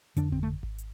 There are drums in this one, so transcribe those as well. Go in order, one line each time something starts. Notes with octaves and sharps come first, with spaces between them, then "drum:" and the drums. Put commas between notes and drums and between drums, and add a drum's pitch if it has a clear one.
F2 D3 D4, drum: hi-hat
C4, drum: kick G#1
A3
drum: kick G#1
drum: hi-hat